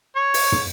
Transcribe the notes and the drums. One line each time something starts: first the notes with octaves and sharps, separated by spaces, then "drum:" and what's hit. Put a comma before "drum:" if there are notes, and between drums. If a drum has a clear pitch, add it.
C#5
drum: open hi-hat
drum: tom